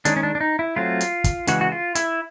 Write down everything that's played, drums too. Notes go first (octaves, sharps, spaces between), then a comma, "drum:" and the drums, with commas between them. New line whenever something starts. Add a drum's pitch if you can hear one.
D#3 G#3 C#4 D4, drum: hi-hat
C#4
D4
D4
D#4
E4
F#3 A3 C4 F4
drum: hi-hat
drum: kick, hi-hat
C#3 E3 G#3 F#4, drum: hi-hat
F#4
F4
E4, drum: hi-hat